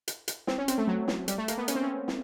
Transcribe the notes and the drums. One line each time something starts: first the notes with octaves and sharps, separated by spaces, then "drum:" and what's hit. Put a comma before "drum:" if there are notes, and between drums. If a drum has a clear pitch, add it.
drum: hi-hat
drum: hi-hat
C4, drum: snare
C#4
C4, drum: hi-hat
A3
F#3
drum: snare
G3, drum: hi-hat
A3
A#3, drum: hi-hat
B3
C#4, drum: hi-hat
C4
C#4
drum: snare